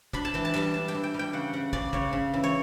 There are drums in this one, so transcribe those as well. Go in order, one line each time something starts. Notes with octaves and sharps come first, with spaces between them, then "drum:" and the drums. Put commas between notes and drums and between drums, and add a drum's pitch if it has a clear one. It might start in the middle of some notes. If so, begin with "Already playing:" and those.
D4 B5, drum: kick
A5
E3 G5
A5
G3, drum: clap
D4 A5
G5
E3
G5
G3
G5
C#3 F#5
C#3 F#5
C#3 D5, drum: kick
C#3 C#5, drum: kick
C#3
E3
C#5